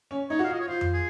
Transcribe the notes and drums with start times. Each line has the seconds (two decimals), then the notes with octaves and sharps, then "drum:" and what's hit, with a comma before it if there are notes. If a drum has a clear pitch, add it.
0.11 C#4
0.30 D#4 C#5
0.39 F#4
0.44 F5
0.49 F4
0.52 D#5
0.60 C#5
0.68 F4 C5
0.81 drum: tom F2
0.93 G#4